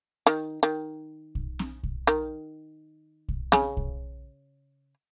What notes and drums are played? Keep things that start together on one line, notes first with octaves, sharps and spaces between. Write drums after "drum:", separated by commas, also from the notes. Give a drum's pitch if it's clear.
D#3
D#3
drum: kick
drum: snare C4
drum: kick
D#3
drum: kick
C#3, drum: snare C4
drum: kick